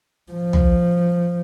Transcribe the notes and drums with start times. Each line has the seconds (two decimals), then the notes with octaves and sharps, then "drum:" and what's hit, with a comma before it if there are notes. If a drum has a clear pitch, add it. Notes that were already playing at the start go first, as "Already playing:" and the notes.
0.32 F3
0.53 drum: tom